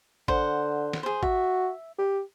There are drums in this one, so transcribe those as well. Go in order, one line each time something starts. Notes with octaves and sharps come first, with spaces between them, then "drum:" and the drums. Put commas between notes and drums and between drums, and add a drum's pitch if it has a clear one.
D3 C5 F#5, drum: kick G#1
drum: snare
G#4 C5
F#4 E5, drum: kick G#1
G4